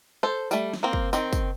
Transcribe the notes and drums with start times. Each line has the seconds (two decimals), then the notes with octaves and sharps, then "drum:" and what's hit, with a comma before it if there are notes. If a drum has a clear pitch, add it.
0.23 A4 C5
0.51 G3 A3, drum: tambourine
0.73 drum: snare
0.83 A#3 C4
0.93 drum: kick
1.13 D#3 C4, drum: tambourine
1.33 drum: kick, tambourine